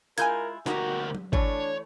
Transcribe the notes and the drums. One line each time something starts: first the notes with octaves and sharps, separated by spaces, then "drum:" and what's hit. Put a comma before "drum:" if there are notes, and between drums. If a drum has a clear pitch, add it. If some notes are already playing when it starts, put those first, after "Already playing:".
G#3 E4 F4 A#4 G#5 G6 G#6, drum: hi-hat
D2 A#3 D#4 F#4 G4 A#4, drum: snare
drum: tom F#3
E3 A3 D4 C#5, drum: kick